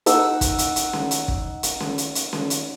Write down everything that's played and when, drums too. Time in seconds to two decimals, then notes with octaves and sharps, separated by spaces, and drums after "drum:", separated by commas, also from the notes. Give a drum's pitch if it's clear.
0.06 D#4 F#5 E6, drum: hi-hat
0.41 drum: kick, hi-hat
0.58 drum: hi-hat
0.76 drum: hi-hat
0.93 drum: snare C#4
1.11 drum: hi-hat
1.28 drum: kick
1.63 drum: hi-hat
1.80 drum: snare C#4
1.98 drum: hi-hat
2.15 drum: hi-hat
2.33 drum: snare C#4
2.50 drum: hi-hat